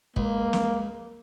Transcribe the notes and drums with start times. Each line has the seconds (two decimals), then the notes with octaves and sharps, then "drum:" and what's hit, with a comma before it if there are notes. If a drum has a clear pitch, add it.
0.16 C#2 A#3, drum: kick
0.53 drum: snare